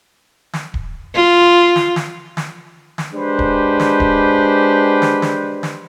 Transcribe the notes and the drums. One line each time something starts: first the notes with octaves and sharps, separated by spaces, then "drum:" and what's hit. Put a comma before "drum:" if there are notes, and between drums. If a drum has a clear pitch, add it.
drum: snare
drum: kick D1
F4
drum: snare
drum: snare
drum: snare
drum: snare
G#3 D4 G4 B4 C5
drum: kick D1
drum: snare
drum: kick D1
drum: snare
drum: snare
drum: snare